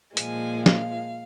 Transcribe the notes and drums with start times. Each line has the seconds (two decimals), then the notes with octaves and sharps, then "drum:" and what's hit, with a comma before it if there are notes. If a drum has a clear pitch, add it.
0.17 A#2 F3 G#3 G#5, drum: hi-hat
0.66 F5, drum: snare